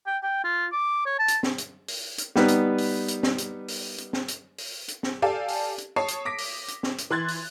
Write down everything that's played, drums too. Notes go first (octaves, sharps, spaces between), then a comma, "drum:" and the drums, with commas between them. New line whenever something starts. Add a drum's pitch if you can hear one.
G5
G5
F4
D6
C#5
A5
drum: hi-hat
drum: snare
drum: hi-hat
drum: open hi-hat
drum: hi-hat
G3 B3 D#4 B4, drum: snare
drum: hi-hat
drum: open hi-hat
drum: hi-hat
drum: snare
drum: hi-hat
drum: open hi-hat
drum: hi-hat
drum: snare
drum: hi-hat
drum: open hi-hat
drum: hi-hat
drum: snare
G4 A4 D5 F5 G#5 A5
drum: open hi-hat
drum: hi-hat
C#5 A5 D#6 C7
drum: hi-hat
D6 A#6 B6 D7
drum: open hi-hat
drum: hi-hat
drum: snare
drum: hi-hat
E3 C6 F#6 G#6 A6
drum: open hi-hat